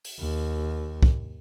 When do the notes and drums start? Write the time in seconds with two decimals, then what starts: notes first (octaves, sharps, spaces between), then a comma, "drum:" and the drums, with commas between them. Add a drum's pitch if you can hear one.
0.04 drum: open hi-hat
0.20 D#2
1.03 drum: kick